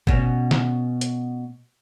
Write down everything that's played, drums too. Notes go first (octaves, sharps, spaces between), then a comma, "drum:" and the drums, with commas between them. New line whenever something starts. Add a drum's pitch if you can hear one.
B2 C#4, drum: kick
drum: snare
drum: hi-hat